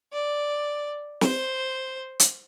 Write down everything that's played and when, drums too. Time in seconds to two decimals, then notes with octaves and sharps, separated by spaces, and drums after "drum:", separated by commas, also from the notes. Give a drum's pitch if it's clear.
0.12 D5
1.21 C5, drum: snare
2.20 drum: hi-hat